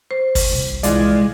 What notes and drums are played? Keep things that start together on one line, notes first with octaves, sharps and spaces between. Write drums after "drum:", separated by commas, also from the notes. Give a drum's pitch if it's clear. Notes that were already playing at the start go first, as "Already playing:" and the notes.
C5
drum: kick, open hi-hat
C2 A#2
E3 G#3 F4 D5, drum: hi-hat